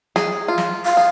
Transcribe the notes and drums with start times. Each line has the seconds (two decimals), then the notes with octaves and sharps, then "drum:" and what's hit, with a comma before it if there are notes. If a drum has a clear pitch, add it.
0.16 G#4, drum: snare
0.48 F4
0.58 drum: snare
0.85 F5
0.97 G#4